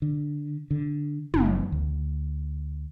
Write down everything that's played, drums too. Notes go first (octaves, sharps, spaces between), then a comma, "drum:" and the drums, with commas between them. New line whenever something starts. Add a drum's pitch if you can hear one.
D3
D3
F#1, drum: tom
D2